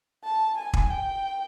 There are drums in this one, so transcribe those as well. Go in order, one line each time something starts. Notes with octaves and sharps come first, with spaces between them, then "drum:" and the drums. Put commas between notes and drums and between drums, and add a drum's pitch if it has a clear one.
A5
G#5
drum: kick
G5